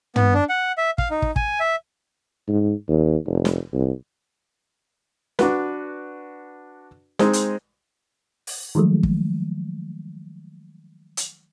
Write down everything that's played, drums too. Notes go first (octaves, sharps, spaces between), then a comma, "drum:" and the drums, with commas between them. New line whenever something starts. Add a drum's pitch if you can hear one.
B3, drum: tom
D4
F#5
E5
F5, drum: kick
D#4
drum: kick
G#5, drum: kick
E5
G#2
D#2
F1
drum: snare
C2
D4 F#4 B4, drum: snare
G#3 C4 D#4 G#4, drum: snare
drum: hi-hat
drum: open hi-hat
D#3 F3 F#3 G#3 A3
drum: kick
drum: hi-hat